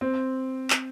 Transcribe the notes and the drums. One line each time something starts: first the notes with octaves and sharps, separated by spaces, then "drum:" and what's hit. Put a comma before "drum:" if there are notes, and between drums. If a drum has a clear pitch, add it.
C4
drum: clap